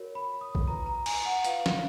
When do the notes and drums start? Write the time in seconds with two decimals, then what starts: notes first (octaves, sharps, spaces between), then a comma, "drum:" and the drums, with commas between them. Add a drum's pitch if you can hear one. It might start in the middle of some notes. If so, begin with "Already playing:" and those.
Already playing: F#4 A#4 C#5
0.15 B5
0.41 D#6
0.55 drum: kick A#1
0.66 F4 B4 A#5
0.86 A#5
1.06 G#5, drum: cymbal
1.25 F#5
1.44 F4 B4 F5, drum: hi-hat
1.66 drum: snare